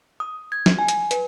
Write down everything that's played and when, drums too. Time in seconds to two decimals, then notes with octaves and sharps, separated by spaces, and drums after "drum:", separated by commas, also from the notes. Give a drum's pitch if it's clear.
0.20 D#6
0.52 G#6
0.66 drum: snare
0.79 G#5
0.88 drum: hi-hat
1.11 B4, drum: hi-hat